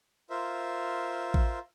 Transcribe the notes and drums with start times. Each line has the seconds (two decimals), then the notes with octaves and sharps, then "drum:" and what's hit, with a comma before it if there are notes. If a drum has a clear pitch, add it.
0.30 F4 A#4 C5 E5
1.34 drum: kick A1